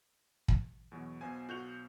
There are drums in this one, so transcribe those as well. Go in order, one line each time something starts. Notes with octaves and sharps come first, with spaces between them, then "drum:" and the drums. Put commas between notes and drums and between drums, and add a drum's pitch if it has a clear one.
drum: kick
E2 B2 F#3
B1 B2 C5 G#5
F#4 G6 F7